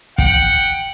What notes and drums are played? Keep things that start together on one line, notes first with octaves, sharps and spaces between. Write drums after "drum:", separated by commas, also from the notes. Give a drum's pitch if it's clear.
F#5 G5, drum: kick